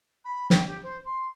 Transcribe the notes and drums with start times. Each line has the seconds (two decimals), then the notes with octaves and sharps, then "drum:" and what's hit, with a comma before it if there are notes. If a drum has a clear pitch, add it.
0.25 B5
0.50 G5, drum: snare
0.67 G4
0.83 C5
1.05 C6